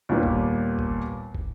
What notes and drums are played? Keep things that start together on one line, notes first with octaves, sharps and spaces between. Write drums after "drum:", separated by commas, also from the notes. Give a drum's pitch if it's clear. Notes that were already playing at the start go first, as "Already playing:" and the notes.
D#2 A#2 G3 B3
drum: kick
drum: kick
drum: kick